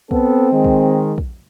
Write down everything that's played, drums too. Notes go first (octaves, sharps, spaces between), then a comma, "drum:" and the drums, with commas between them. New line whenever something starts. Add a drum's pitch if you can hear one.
B3 C4 A4, drum: kick
D#3 G#3
drum: kick
drum: kick